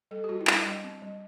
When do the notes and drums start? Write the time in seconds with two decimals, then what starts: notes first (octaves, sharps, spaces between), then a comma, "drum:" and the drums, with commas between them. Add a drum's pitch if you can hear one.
0.11 G3 A4
0.24 G4
0.29 G3 F#4
0.41 E4
0.47 G3 D4, drum: clap
0.66 G3
0.84 C4
1.02 G3